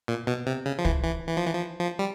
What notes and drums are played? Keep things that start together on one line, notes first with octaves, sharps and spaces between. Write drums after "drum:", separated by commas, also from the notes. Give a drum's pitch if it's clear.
A#2
B2
C3
C#3
F3
E3, drum: kick
E3
E3
F3
E3
F3
F3
G3